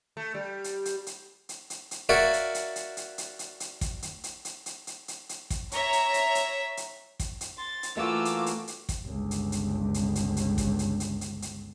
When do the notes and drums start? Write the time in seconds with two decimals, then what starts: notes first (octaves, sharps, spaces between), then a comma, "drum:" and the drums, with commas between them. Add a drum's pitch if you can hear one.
0.17 A3
0.34 G3
0.64 drum: hi-hat
0.85 drum: hi-hat
1.07 drum: hi-hat
1.49 drum: hi-hat
1.70 drum: hi-hat
1.91 drum: hi-hat
2.09 F#4 A#4 C#5 D5 E5 F5
2.33 drum: hi-hat
2.55 drum: hi-hat
2.76 drum: hi-hat
2.97 drum: hi-hat
3.18 drum: hi-hat
3.39 drum: hi-hat
3.60 drum: hi-hat
3.81 drum: kick, hi-hat
4.02 drum: hi-hat
4.24 drum: hi-hat
4.45 drum: hi-hat
4.66 drum: hi-hat
4.87 drum: hi-hat
5.08 drum: hi-hat
5.29 drum: hi-hat
5.50 drum: kick, hi-hat
5.72 C#5 E5 A#5, drum: hi-hat
5.93 drum: hi-hat
6.14 drum: hi-hat
6.35 drum: hi-hat
6.77 drum: hi-hat
7.20 drum: kick, hi-hat
7.41 drum: hi-hat
7.58 C6 A6
7.83 drum: hi-hat
7.97 E3 A3 A#3 F4 F#4 D6 E6
8.25 drum: hi-hat
8.46 drum: hi-hat
8.67 drum: hi-hat
8.89 drum: kick, hi-hat
9.05 G1 C#2
9.31 drum: hi-hat
9.52 drum: hi-hat
9.94 drum: hi-hat
10.15 drum: hi-hat
10.37 drum: hi-hat
10.58 drum: kick, hi-hat
10.79 drum: hi-hat
11.00 drum: hi-hat
11.21 drum: hi-hat
11.42 drum: hi-hat